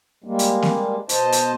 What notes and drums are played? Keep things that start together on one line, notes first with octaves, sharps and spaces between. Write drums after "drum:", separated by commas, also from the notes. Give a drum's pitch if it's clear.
G3 G#3 A#3
drum: hi-hat
drum: snare A#3
B2 C5 D#5 A5, drum: hi-hat
drum: hi-hat